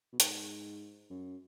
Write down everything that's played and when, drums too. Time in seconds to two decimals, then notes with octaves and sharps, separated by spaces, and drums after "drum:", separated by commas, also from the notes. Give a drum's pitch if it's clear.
0.13 B2
0.20 G#2, drum: hi-hat
1.10 F#2